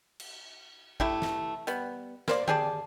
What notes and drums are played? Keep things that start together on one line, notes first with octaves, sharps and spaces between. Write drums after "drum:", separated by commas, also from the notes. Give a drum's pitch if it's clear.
drum: cymbal
A3 E4 G4, drum: kick
drum: snare
G3 B3, drum: hi-hat
A#3 C5 D5, drum: snare
G4 G#4 D5 A5, drum: tom D3